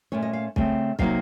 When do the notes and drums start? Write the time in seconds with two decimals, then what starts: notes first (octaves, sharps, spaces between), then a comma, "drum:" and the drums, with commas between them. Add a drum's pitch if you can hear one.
0.12 A#2 A3 C#4 C#5
0.22 D#5
0.33 F5
0.56 C#3 A3 C4, drum: kick
0.99 C3 F#3 A#3 D#4 F5, drum: kick